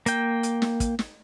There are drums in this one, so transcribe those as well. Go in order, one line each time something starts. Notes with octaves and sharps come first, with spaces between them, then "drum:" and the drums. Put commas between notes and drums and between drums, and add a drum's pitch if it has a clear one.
A#3 G5, drum: hi-hat
drum: hi-hat
drum: snare
drum: kick, hi-hat
drum: snare